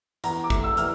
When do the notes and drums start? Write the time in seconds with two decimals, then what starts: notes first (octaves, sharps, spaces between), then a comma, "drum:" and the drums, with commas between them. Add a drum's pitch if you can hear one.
0.24 E2 A#5, drum: hi-hat
0.44 D6
0.50 A3, drum: kick, hi-hat
0.64 E6
0.77 E3 F6, drum: hi-hat